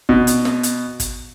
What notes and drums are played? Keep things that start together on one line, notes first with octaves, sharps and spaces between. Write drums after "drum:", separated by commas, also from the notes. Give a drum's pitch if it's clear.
B2, drum: kick
drum: hi-hat
drum: snare
drum: hi-hat
drum: kick, hi-hat